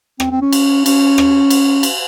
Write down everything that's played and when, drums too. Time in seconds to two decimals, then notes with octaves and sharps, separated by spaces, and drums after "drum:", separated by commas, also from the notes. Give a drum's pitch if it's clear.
0.20 C4, drum: rim click
0.31 C4
0.42 C#4
0.53 drum: cymbal
0.86 C#4, drum: cymbal
1.18 drum: rim click
1.50 drum: cymbal
1.83 drum: cymbal